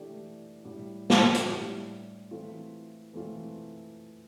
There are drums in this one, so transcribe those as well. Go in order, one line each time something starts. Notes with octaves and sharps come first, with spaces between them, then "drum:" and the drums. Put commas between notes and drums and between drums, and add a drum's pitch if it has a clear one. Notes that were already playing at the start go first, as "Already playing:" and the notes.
Already playing: E3 A3 D4 G4
A2 G3 D4 G4
drum: snare
drum: hi-hat
A2 G3 D4 G4
E3 A3 C4 F4 A4
E3 A3 C4 F4 A4